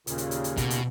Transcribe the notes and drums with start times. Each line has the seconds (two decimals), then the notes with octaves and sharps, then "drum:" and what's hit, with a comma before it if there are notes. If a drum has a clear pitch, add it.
0.07 D#2 A#2 C#3, drum: hi-hat
0.18 drum: hi-hat
0.31 drum: hi-hat
0.44 drum: hi-hat
0.57 B2, drum: kick, hi-hat
0.70 drum: hi-hat